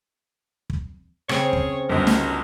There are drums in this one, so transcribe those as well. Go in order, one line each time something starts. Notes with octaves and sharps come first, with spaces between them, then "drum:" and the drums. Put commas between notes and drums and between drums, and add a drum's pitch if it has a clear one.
drum: kick
C#3 C4 G#4 C#5, drum: rim click
drum: kick
G1 C#2 F#3 B3 A#4
drum: snare